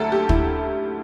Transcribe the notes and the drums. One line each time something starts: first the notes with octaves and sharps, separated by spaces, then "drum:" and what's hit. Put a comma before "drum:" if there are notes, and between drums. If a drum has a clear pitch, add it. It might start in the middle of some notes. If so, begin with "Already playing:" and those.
Already playing: D2 D3 F#3 A4 E5
G4
E4, drum: kick